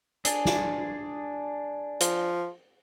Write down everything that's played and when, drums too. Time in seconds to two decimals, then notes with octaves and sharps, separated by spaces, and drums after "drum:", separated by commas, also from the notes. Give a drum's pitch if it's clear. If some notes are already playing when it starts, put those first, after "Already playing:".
0.25 D4 G#4, drum: hi-hat
0.45 drum: snare
2.00 F3, drum: hi-hat